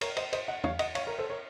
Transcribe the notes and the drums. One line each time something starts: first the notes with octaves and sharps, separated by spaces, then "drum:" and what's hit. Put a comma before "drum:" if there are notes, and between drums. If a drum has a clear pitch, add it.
A#4 C#5, drum: cymbal
C5 D#5, drum: cymbal
C5 D#5, drum: cymbal
D#5 F#5
C#5 F5, drum: tom
D#5 F#5, drum: cymbal
C#5 F5, drum: cymbal
A#4 C#5
A4 C5
A#4 C#5